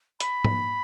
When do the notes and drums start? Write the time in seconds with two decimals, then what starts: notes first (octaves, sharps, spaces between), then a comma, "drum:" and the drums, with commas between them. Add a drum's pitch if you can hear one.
0.20 B5, drum: hi-hat
0.44 drum: tom